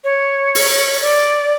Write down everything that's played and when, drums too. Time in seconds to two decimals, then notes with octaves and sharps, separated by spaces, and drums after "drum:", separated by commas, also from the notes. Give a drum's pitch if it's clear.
0.04 C#5
0.55 drum: open hi-hat
1.02 D5